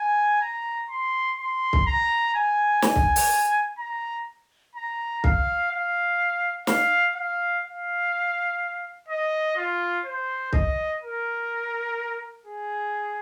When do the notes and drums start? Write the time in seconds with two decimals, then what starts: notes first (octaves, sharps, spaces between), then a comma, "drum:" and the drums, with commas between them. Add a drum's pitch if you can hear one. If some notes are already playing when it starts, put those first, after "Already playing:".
Already playing: G#5
0.41 A#5
0.90 C6
1.39 C6
1.73 drum: kick C2
1.86 A#5
2.35 G#5
2.82 G#5, drum: snare
2.96 drum: kick C2
3.16 drum: open hi-hat
3.78 A#5
4.75 A#5
5.24 F5, drum: kick C2
5.71 F5
6.67 F5, drum: snare
7.16 F5
7.64 F5
9.08 D#5
9.56 F4
10.05 C5
10.53 D#5, drum: kick C2
11.01 A#4
12.46 G#4